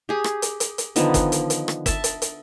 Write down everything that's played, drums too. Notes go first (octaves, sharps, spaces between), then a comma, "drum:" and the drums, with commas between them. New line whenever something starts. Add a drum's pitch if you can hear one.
G4 G#4
drum: rim click
drum: hi-hat
drum: hi-hat
drum: hi-hat
D3 D#3 F3 B3, drum: hi-hat
drum: kick, hi-hat
drum: hi-hat
drum: hi-hat
drum: rim click
E5 A5, drum: kick, hi-hat
drum: hi-hat
drum: hi-hat